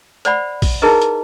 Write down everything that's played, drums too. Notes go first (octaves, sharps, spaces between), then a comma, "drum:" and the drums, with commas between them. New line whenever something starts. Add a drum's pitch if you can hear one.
C5 D5 F#5 B5, drum: hi-hat
drum: kick A#1, open hi-hat
D#4 E4 G#4 A#4 B4 D#5
drum: hi-hat